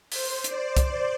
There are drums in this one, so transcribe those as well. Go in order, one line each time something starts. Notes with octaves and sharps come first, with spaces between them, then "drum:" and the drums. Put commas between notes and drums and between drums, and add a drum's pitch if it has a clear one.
C5, drum: open hi-hat
D5, drum: hi-hat
drum: kick C2, hi-hat